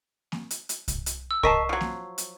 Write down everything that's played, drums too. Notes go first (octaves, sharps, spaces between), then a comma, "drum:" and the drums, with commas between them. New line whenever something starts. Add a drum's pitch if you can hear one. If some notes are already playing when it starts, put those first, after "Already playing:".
drum: snare A#3
drum: hi-hat
drum: hi-hat
drum: kick C2, hi-hat
drum: hi-hat
E6
A#4 D#5 A5 C#6 B6 C7, drum: kick C2
F3 F#3
drum: snare A#3
drum: hi-hat